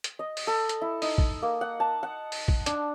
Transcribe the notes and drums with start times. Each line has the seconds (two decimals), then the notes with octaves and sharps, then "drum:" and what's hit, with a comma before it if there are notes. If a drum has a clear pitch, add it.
0.04 drum: hi-hat
0.19 D#5
0.37 drum: open hi-hat
0.47 A4
0.69 drum: hi-hat
0.81 E4
1.02 D#4, drum: open hi-hat
1.18 drum: kick
1.42 A#3
1.61 F#5
1.80 A5
2.03 F#5
2.32 drum: open hi-hat
2.48 drum: kick
2.66 D4, drum: hi-hat